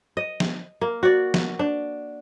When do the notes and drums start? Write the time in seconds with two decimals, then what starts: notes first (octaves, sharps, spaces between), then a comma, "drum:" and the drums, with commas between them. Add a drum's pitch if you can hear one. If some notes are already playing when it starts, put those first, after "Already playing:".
0.17 D#5
0.40 drum: snare
0.81 A#3
1.03 F#4 D5
1.34 drum: snare
1.59 D4